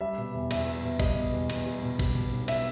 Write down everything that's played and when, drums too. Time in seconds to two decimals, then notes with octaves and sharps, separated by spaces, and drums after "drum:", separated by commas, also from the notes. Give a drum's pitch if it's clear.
0.01 G3 E5
0.18 B2
0.34 E2
0.51 E2 E5, drum: cymbal
0.67 G3
0.84 B2
1.00 G3 D#5, drum: kick, cymbal
1.16 B2
1.33 E2
1.50 E2, drum: cymbal
1.66 G3
1.83 B2
1.99 G3, drum: kick, cymbal
2.15 B2
2.32 B1
2.48 E5, drum: cymbal